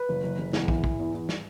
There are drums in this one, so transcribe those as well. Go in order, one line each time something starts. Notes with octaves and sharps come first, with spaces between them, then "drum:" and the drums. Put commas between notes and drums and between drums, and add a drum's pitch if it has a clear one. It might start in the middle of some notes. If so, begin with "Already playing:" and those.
Already playing: B4
F#1
F#1
F#1
E2, drum: snare
E3, drum: kick
E3, drum: kick
E2
E2
drum: snare